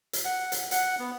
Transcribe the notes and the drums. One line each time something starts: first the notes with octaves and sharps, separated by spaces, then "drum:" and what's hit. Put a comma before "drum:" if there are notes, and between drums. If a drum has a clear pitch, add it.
drum: hi-hat
F#5
drum: hi-hat
F#5, drum: hi-hat
B3